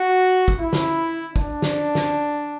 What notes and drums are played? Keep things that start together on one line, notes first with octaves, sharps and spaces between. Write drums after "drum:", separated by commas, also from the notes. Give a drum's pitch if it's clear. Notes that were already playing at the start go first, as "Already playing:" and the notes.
Already playing: F#4
drum: kick
E4
drum: snare
D4, drum: kick
drum: snare
drum: snare